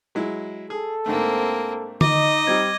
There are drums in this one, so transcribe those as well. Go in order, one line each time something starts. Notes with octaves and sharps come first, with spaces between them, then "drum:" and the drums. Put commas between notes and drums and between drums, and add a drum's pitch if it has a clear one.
F#3 G#3 E4
G#4 A4
G#2 D3 A3 A#3 C4
D#4 D#5 D6, drum: tom D3
G3 C4 D6 G#6